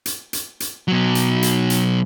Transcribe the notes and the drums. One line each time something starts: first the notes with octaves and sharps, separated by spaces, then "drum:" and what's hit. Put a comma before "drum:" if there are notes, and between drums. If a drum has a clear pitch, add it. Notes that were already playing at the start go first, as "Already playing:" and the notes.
drum: hi-hat
drum: hi-hat
drum: hi-hat
B2 F#3
drum: hi-hat
drum: hi-hat
drum: hi-hat